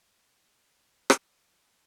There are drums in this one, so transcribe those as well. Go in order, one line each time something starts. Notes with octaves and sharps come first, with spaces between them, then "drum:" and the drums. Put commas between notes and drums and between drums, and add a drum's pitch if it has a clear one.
A3 C4 C#5 E5 F#5 G5
drum: rim click